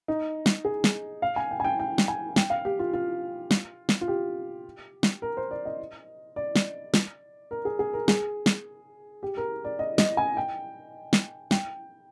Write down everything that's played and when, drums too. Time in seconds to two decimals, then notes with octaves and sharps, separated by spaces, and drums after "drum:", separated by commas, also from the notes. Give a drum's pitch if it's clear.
0.08 D#4
0.46 drum: snare
0.65 G#4
0.84 drum: snare
1.22 F5
1.36 G#5
1.51 G5
1.60 G#5
1.64 G5
1.80 G5
1.98 drum: snare
2.08 G#5
2.36 G5, drum: snare
2.50 F5
2.65 G4
2.79 F4
2.93 F4
3.51 drum: snare
3.89 drum: snare
4.01 F4
4.08 G4
5.03 drum: snare
5.22 A#4
5.37 C5
5.51 D5
5.65 D#5
6.36 D5
6.56 drum: snare
6.94 drum: snare
7.51 A#4
7.65 G#4
7.79 G#4
7.93 A#4
8.08 G#4, drum: snare
8.46 drum: snare
9.23 G4
9.37 A#4
9.65 D5
9.79 D#5
9.98 D#5, drum: snare
10.17 G#5
10.37 G5
11.13 drum: snare
11.51 G5, drum: snare